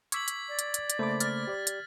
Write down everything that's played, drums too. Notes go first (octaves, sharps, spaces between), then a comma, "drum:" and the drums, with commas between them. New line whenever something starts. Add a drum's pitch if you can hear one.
C#6 D6 E6 G#6 B6 F#7, drum: hi-hat
drum: hi-hat
D5
drum: hi-hat
drum: hi-hat
drum: hi-hat
C#3 A3 A#3 C5 B5 D6
F6 A6, drum: hi-hat
G4 D5
drum: hi-hat